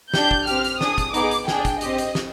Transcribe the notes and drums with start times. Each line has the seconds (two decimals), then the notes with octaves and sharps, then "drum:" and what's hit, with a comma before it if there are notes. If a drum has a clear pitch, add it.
0.14 D4 G4 G6, drum: snare
0.31 drum: kick
0.47 C4 G4 F6, drum: hi-hat
0.64 drum: hi-hat
0.81 D4 G#4 D#6, drum: snare
0.98 drum: kick, hi-hat
1.14 B3 D#4 G#4 D6, drum: hi-hat
1.31 drum: hi-hat
1.48 D4 G#4 G5, drum: snare
1.65 drum: kick, hi-hat
1.81 C4 G4 D#5, drum: hi-hat
1.98 drum: hi-hat
2.15 drum: snare